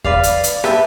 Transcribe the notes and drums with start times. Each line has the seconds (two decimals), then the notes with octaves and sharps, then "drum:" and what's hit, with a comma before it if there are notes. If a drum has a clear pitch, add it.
0.04 B4 D5 F5, drum: kick E2
0.23 drum: hi-hat
0.44 drum: hi-hat
0.64 G4 B4 E5 A5, drum: rim click